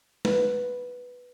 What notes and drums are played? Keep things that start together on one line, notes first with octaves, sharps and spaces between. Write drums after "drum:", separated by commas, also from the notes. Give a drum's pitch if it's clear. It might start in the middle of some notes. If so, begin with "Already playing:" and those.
B4, drum: snare